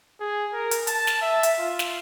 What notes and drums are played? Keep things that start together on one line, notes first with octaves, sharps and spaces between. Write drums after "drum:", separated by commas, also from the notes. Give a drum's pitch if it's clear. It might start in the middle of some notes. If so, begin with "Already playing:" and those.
G#4
A#4
drum: hi-hat
A5, drum: hi-hat
drum: snare
E5
drum: hi-hat
F4
drum: snare